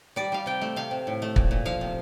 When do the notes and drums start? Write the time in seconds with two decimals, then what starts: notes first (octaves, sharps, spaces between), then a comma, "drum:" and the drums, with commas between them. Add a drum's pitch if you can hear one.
0.16 G3 D5
0.32 G3 F5
0.46 C3 G5
0.61 A3
0.76 C3 F5
0.91 C3
1.07 A2
1.22 A3
1.36 A#2, drum: kick
1.51 A#2
1.65 F3 F5
1.81 C3